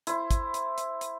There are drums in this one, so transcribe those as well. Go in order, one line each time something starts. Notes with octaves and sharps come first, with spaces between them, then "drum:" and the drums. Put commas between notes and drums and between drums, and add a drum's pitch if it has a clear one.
E4 C5, drum: hi-hat
drum: kick, hi-hat
drum: hi-hat
drum: hi-hat
drum: hi-hat